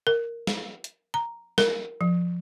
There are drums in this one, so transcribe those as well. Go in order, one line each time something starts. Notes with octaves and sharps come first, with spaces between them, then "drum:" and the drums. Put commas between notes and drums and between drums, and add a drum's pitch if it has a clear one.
A#4
drum: snare
drum: hi-hat
A#5
A#4, drum: snare
F3